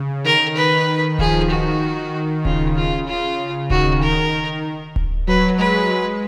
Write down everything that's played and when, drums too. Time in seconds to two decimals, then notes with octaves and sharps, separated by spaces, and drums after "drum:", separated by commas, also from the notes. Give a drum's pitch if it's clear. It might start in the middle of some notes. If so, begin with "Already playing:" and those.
Already playing: C#3
0.24 D#3 A#4
0.56 D#3 B4
1.19 F3 G#4, drum: kick D1
1.50 D#3 F#4
1.82 D#3
2.45 C#3 F4, drum: kick D1
2.76 F4
3.07 F4
3.70 D#3 F#4, drum: kick D1
4.02 D#3 A#4
4.96 drum: kick D1
5.27 F#3 B4
5.58 G#3 B4
5.90 G#3